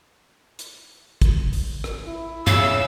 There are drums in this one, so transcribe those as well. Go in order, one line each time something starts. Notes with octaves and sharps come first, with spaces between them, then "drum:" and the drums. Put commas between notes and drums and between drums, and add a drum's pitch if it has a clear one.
drum: hi-hat
drum: kick, hi-hat
drum: open hi-hat
drum: rim click
E4
C#3 F5 E6, drum: tom G2